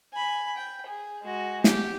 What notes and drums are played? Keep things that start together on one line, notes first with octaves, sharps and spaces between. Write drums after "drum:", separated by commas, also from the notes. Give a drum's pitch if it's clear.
G#5 B5
G5
G#4
G#3 F#4
G4, drum: snare